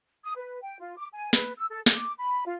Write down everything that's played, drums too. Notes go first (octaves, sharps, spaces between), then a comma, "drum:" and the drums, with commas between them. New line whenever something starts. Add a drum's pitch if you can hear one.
D#6
B4
G5
F4
D6
G#5
B4, drum: snare
E6
A4
D6, drum: snare
B5
F4